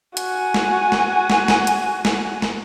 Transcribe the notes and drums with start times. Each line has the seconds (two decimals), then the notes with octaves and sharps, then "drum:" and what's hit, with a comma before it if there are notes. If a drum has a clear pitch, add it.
0.17 F#4 G#5, drum: hi-hat
0.54 drum: snare
0.92 drum: snare
1.30 drum: snare
1.48 drum: snare
1.67 drum: hi-hat
2.05 drum: snare
2.42 drum: snare